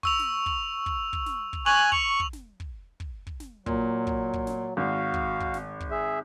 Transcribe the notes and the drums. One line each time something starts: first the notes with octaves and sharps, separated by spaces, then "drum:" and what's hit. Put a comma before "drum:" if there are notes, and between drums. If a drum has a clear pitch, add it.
C#6 E6 F7, drum: kick
drum: snare
drum: kick
drum: kick
drum: kick
drum: snare
drum: kick
G#5 C#6 F#6 F7 F#7
C#6 F7, drum: kick
drum: kick
drum: snare
drum: kick
drum: kick
drum: kick
drum: snare
A#2 F#3, drum: kick
drum: kick
drum: kick
drum: snare
G#1 F#4 F5
drum: kick
drum: kick
drum: snare
drum: kick
G#4 E5